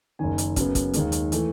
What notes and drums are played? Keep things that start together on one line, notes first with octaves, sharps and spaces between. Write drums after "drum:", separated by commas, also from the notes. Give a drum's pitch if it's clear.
F#1 F#2 D#3 G#5
drum: hi-hat
F#2 C#3 F#3 B3, drum: kick, hi-hat
drum: kick, hi-hat
D#2 D#3 G#3, drum: hi-hat
drum: hi-hat
E3 A3, drum: hi-hat